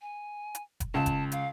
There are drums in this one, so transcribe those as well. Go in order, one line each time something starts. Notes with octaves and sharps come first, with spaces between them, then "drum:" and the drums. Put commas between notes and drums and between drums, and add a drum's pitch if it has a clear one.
G#5
drum: hi-hat
drum: kick F1, hi-hat
C#2 A5
drum: kick F1, hi-hat
F5, drum: hi-hat